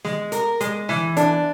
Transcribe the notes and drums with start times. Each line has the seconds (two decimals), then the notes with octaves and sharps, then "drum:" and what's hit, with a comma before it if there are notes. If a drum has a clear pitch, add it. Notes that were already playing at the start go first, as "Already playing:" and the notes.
0.05 G#3, drum: snare
0.32 A#4, drum: hi-hat
0.61 G#3, drum: hi-hat
0.89 E3, drum: snare
1.17 D4, drum: hi-hat